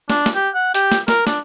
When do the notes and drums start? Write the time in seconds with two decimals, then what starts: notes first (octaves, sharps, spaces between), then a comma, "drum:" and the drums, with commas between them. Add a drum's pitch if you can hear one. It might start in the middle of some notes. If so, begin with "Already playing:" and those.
0.10 D4, drum: snare
0.26 drum: snare
0.35 G4
0.54 F#5
0.74 G4, drum: hi-hat
0.92 drum: snare
1.08 A#4, drum: snare
1.27 D4, drum: snare